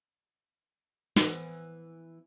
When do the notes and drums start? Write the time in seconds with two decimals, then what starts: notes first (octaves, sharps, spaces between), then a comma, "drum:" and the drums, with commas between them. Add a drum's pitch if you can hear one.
1.16 E3 B3, drum: snare